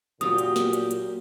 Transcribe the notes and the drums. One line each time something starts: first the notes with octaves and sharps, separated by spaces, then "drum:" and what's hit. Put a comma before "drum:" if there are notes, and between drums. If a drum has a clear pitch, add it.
A#2 F#3 F4 G4 A#5 D#6, drum: hi-hat
drum: hi-hat
drum: snare
drum: hi-hat
drum: hi-hat